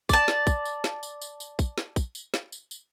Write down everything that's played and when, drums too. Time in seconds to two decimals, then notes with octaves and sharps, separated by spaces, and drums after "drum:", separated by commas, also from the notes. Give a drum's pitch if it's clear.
0.09 D5 A5, drum: kick, tambourine
0.28 drum: snare
0.47 drum: kick, tambourine
0.65 drum: tambourine
0.84 drum: snare
1.03 drum: tambourine
1.21 drum: tambourine
1.40 drum: tambourine
1.59 drum: kick, tambourine
1.78 drum: snare
1.96 drum: kick, tambourine
2.15 drum: tambourine
2.34 drum: snare
2.52 drum: tambourine
2.71 drum: tambourine